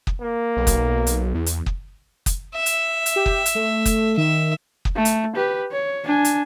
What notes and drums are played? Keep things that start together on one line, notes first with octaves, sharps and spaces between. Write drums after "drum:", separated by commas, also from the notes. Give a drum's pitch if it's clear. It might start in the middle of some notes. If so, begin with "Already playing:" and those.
drum: kick
A#3
B1
drum: kick, hi-hat
drum: hi-hat
E2
drum: hi-hat
drum: kick
drum: kick, hi-hat
E5
drum: hi-hat
drum: hi-hat
G4
drum: kick
drum: hi-hat
A3
drum: kick, hi-hat
D#3 E5
drum: kick
A3
drum: hi-hat
G4 B4
C#5
D4 G#5
drum: hi-hat